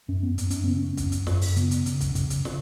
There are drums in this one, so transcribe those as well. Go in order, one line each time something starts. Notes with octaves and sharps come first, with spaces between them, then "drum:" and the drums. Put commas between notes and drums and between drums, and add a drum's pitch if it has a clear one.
F#2 C#4
B3
F#2, drum: hi-hat
C#4, drum: hi-hat
C#3 B3
C#4
F#2, drum: kick, hi-hat
drum: hi-hat
F#2, drum: snare
drum: open hi-hat
C#3 B3, drum: hi-hat
drum: hi-hat
C#3, drum: hi-hat
drum: kick, hi-hat
C#3, drum: kick, hi-hat
drum: hi-hat
C#3, drum: snare